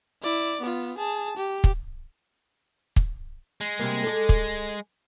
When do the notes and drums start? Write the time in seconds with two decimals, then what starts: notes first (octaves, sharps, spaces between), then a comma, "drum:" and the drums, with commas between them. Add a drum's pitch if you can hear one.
0.22 E4 D5
0.61 B3 F4
0.98 G#4 A5
1.37 G4
1.64 drum: kick
2.96 drum: kick
3.61 G#3
3.79 C3 G3 A#3
4.04 A4 D5
4.29 drum: kick